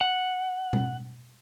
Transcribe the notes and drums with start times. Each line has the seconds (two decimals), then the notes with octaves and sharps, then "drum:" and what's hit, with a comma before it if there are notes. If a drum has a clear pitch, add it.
0.01 F#5
0.73 drum: tom B2